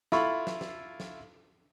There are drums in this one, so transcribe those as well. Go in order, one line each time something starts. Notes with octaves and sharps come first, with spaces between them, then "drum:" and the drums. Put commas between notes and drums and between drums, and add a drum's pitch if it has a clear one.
E4 F4 A4 B5 C#6, drum: snare
drum: snare
drum: snare
drum: snare